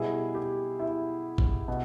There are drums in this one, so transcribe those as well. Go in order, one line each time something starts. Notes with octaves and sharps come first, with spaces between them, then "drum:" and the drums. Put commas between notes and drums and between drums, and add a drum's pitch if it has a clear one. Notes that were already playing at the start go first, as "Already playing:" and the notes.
Already playing: B2 G3 E4 G#4
G4
E4
drum: kick
B2